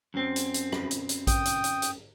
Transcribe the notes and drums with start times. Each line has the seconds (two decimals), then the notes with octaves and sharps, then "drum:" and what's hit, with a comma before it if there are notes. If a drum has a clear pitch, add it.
0.14 F#2 C4
0.36 drum: hi-hat
0.54 drum: hi-hat
0.72 drum: rim click
0.91 drum: hi-hat
1.09 drum: hi-hat
1.27 G5 D#6, drum: kick A1, hi-hat
1.45 drum: hi-hat
1.64 drum: hi-hat
1.82 drum: hi-hat